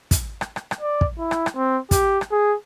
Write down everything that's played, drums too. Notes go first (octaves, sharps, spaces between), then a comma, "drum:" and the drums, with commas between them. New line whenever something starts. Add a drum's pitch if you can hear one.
drum: kick, hi-hat
drum: rim click
drum: rim click
drum: rim click
D5
drum: kick
E4
drum: rim click
drum: rim click
C4
G4, drum: kick, hi-hat
drum: rim click
G#4